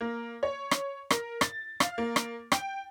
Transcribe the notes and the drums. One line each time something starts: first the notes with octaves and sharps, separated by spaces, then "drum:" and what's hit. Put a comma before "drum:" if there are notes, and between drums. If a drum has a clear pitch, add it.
A#3
C#5
drum: rim click
A#4, drum: rim click
A6, drum: rim click
F5, drum: rim click
A#3
drum: rim click
G5, drum: rim click